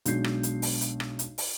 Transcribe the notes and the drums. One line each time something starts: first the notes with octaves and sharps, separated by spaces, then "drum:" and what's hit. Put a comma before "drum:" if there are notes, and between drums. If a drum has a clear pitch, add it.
B1 G#3 D4 F#4 G6 C7, drum: hi-hat
drum: rim click
drum: hi-hat
drum: open hi-hat
drum: hi-hat
drum: rim click
drum: hi-hat
drum: open hi-hat